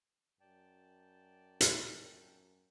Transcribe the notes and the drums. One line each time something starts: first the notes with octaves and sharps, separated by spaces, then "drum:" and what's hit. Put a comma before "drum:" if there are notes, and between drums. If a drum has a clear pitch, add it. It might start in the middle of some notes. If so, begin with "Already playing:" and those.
F#2 D5 G5 A5
drum: hi-hat